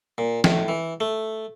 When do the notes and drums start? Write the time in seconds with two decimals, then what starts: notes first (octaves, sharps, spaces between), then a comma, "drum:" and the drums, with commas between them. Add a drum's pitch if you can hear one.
0.18 A#2
0.44 A2, drum: snare
0.68 E3
1.00 A3